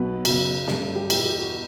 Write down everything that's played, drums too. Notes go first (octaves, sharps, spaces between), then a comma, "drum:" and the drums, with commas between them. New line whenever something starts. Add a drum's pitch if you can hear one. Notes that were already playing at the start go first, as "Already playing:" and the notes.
Already playing: B1 B2 F#3 B3 B4
F#2 C#3 F#3, drum: cymbal
G2 D3 A3 C#4 A4, drum: snare
A4
G4
E2 B2 A3 G4, drum: cymbal
G4
F#4